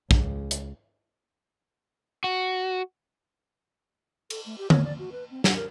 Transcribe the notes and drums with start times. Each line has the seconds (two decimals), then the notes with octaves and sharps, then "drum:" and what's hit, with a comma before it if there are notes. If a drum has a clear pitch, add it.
0.11 C#2, drum: kick
0.51 drum: hi-hat
2.24 F#4
4.30 A4, drum: cymbal
4.46 A3
4.58 G4
4.70 C#5, drum: tom D3
4.84 D5
4.99 F#4
5.12 B4
5.31 C4
5.44 F#5, drum: snare
5.56 A#4